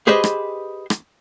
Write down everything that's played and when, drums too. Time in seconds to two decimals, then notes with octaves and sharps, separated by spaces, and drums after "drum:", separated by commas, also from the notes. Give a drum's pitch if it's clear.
0.07 G4 G#4 B4 C5 D#5
0.24 drum: rim click
0.90 drum: rim click